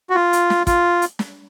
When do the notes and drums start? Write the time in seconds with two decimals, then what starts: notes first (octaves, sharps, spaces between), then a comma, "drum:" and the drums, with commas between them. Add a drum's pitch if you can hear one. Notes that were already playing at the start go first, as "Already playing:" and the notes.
0.10 F#4
0.15 F4
0.33 drum: hi-hat
0.50 drum: snare
0.67 F4, drum: kick, hi-hat
1.02 drum: hi-hat
1.19 drum: snare